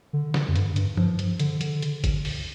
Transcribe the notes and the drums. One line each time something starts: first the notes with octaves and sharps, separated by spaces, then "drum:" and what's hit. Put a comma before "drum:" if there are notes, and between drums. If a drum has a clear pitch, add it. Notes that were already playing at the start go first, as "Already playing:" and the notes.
D3
D3, drum: snare
F2
G2, drum: hi-hat
G2, drum: hi-hat
F3, drum: tom E3
drum: hi-hat
D3, drum: hi-hat
D3, drum: hi-hat
drum: hi-hat
drum: kick G#1, hi-hat
drum: open hi-hat